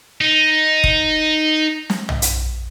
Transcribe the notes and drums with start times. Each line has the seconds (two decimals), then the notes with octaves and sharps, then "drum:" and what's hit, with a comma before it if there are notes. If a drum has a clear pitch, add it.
0.21 D#4
0.84 drum: kick F1
1.90 drum: snare
2.09 drum: tom
2.22 drum: hi-hat